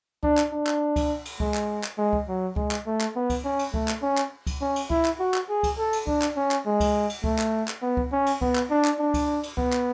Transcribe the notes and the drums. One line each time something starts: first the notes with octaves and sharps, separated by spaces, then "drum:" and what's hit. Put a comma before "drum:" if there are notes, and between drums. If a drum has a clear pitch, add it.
D4, drum: kick C#2
drum: clap
D4
drum: clap
drum: kick C#2, cymbal
drum: cymbal
G#3, drum: kick C#2
drum: clap
drum: clap
G#3
drum: kick C#2
F#3
G#3, drum: kick C#2
drum: clap
A3
drum: clap
B3
drum: kick C#2, cymbal
C#4
drum: cymbal
A3, drum: kick C#2
drum: clap
C#4
drum: clap
drum: kick C#2, cymbal
C#4
drum: cymbal
E4, drum: kick C#2
drum: clap
F#4
drum: clap
G#4
drum: kick C#2, cymbal
A4
drum: cymbal
D4, drum: kick C#2
drum: clap
C#4
drum: clap
G#3
drum: kick C#2, cymbal
drum: cymbal
A3, drum: kick C#2
drum: clap
drum: clap
B3
drum: kick C#2
C#4
drum: cymbal
B3, drum: kick C#2
drum: clap
D4
drum: clap
D4
drum: kick C#2, cymbal
drum: cymbal
B3, drum: kick C#2
drum: clap